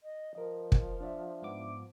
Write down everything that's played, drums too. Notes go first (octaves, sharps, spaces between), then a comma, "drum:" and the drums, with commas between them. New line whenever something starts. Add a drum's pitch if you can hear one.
D#5
F3 A#4 D#5
drum: kick
D4 D5 E5
G#2 B3 D6